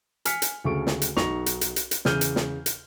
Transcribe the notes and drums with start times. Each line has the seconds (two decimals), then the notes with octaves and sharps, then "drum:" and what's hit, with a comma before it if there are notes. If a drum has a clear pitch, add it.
0.25 G#5 F6 B6 C#7, drum: hi-hat
0.42 drum: hi-hat
0.64 D2 C#3 A4 C#6 D7
0.87 drum: snare
1.02 drum: hi-hat
1.16 B1 D#4 C#6 A#6 F7, drum: snare
1.46 drum: hi-hat
1.61 drum: hi-hat
1.76 drum: hi-hat
1.91 drum: hi-hat
2.05 E2 C#3 F6 G6 D#7 G7, drum: snare
2.21 drum: hi-hat
2.36 drum: snare
2.66 drum: hi-hat